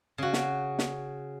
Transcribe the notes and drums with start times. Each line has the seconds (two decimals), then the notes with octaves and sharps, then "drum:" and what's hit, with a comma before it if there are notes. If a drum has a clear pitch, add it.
0.18 C#3 F#4
0.33 drum: snare
0.79 drum: snare